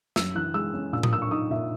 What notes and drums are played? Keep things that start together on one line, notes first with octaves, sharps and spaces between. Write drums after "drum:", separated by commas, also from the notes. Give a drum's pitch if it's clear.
F#2 E6, drum: snare
E3 F#6
G#3 E6
C#4
A#2 E6
D#6, drum: tom A2
A#3 E6
C#6
D#4 D#6
A#2 E5